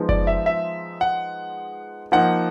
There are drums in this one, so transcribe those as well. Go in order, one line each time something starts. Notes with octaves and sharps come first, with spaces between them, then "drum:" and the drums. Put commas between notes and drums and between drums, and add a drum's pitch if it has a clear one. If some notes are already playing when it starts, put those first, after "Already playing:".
Already playing: F3 G#3 B3 D#4
D5, drum: kick F#1
E5
E5
F#5
F3 A#3 D#4 F#5